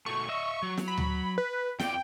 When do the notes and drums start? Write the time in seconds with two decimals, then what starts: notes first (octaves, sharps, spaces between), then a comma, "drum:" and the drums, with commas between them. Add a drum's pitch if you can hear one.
0.06 B2 A3 C#6
0.29 D#5 E5
0.62 F#3
0.77 drum: snare
0.88 B5
0.98 drum: tom D2
1.38 B4
1.79 F2 D5 G5, drum: snare